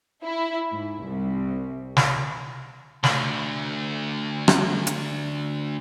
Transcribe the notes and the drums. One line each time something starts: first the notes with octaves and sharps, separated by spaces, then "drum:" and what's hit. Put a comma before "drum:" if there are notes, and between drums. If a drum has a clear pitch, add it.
E4
G#2
C2
drum: snare
D2 D3, drum: snare
drum: rim click
drum: hi-hat